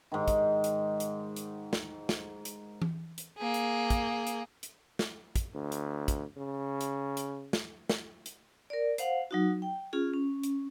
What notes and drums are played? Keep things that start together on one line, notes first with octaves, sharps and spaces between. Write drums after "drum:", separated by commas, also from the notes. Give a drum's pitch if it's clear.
G#2 D#3
drum: kick, hi-hat
drum: hi-hat
drum: hi-hat
drum: hi-hat
drum: snare
drum: snare
drum: hi-hat
drum: tom E3
drum: hi-hat
A#3 G#4
drum: hi-hat
drum: kick, hi-hat
drum: hi-hat
drum: hi-hat
drum: snare
drum: kick, hi-hat
D2
drum: hi-hat
drum: kick, hi-hat
C#3
drum: hi-hat
drum: hi-hat
drum: snare
drum: snare
drum: hi-hat
A#4 D5
C5 F5 F#5, drum: hi-hat
F#3 D#4 F#4
G5
C#4 F4 G#4
C#4
drum: hi-hat